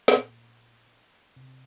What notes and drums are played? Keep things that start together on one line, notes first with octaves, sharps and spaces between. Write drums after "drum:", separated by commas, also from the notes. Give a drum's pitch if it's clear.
C3, drum: snare
A#2
C3